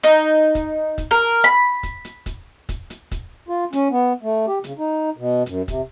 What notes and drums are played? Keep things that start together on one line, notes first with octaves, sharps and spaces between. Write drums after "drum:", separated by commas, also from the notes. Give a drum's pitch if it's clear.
D#4
drum: kick, hi-hat
drum: kick, hi-hat
A#4
B5
drum: kick, hi-hat
drum: hi-hat
drum: kick, hi-hat
drum: kick, hi-hat
drum: hi-hat
drum: kick, hi-hat
F4
C#4, drum: hi-hat
B3
A3
G4
C#3, drum: hi-hat
D#4
B2
F#2, drum: hi-hat
C3, drum: kick, hi-hat